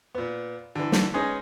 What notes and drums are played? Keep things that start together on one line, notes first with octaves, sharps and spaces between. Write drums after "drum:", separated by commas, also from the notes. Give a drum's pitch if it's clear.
A#2 B3
D3 E3
drum: snare
G#3 B3 C#4 D#4 G#4